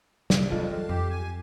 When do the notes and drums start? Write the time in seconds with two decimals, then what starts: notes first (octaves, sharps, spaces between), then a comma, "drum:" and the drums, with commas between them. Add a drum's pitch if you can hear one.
0.30 C2 D5, drum: snare
0.50 F2 E3 F#3 G#3 F4 A4
0.89 F2 G4
1.10 G#5